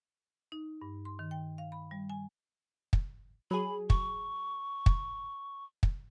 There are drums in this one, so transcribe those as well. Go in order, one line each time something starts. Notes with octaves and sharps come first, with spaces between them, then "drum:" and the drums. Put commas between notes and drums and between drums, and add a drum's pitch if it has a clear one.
D#4
G2
C6
D#3
G5
F5
B5
G3
G#5
drum: kick
F#3 G#4 B5
C#6, drum: kick
drum: kick
drum: kick